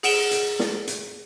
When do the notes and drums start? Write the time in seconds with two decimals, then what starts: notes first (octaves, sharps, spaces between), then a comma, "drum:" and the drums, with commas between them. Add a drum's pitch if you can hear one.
0.03 G#4 F#5 D7 E7 G7, drum: open hi-hat
0.31 drum: hi-hat
0.59 drum: snare
0.87 drum: hi-hat